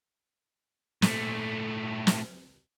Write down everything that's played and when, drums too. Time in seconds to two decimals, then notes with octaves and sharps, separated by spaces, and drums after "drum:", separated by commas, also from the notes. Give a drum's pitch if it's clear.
1.02 A#2 A3, drum: snare
2.07 drum: snare